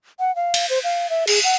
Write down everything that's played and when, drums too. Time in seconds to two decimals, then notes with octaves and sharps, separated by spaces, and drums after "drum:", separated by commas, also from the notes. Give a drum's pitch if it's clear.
0.19 F#5
0.36 F5
0.54 drum: cymbal
0.70 C5
0.84 F5
1.10 E5
1.27 G#4, drum: cymbal
1.44 F#5